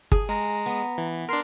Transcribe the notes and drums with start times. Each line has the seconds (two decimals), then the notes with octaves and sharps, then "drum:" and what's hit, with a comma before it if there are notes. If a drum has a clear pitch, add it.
0.12 G#4, drum: kick G1
0.29 G#3 A#5
0.66 B3
0.98 E3
1.29 D4 A#4 C6